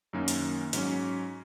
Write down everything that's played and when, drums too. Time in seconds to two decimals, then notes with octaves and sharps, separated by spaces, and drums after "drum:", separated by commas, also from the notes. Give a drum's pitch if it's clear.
0.13 F#2 D#3 A#3 C#4
0.28 drum: hi-hat
0.73 G#2 F#3 C#4, drum: hi-hat